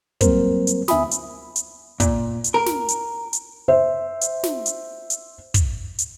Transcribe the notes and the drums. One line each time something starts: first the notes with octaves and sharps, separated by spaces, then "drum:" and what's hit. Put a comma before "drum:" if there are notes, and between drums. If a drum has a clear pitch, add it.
F#3 G3 A#3 C4 A#4 C5, drum: kick, hi-hat
drum: hi-hat
D2 B3 E5 G#5 B5 D#6, drum: snare
drum: hi-hat
drum: hi-hat
A#2, drum: kick, hi-hat
drum: hi-hat
A#4
drum: snare
drum: hi-hat
drum: hi-hat
C5 E5
drum: hi-hat
drum: snare
drum: hi-hat
drum: hi-hat
drum: kick, hi-hat
drum: hi-hat